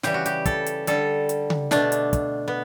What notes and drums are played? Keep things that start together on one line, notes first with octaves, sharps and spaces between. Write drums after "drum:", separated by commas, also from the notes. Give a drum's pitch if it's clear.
C#3 E3 G3 G4, drum: snare
F#4
G4, drum: hi-hat
A4, drum: kick, hi-hat
drum: hi-hat
D3 G3 A4, drum: hi-hat
drum: hi-hat
drum: tom C#3
B2 A3 D4, drum: snare
drum: hi-hat
drum: kick, hi-hat
B3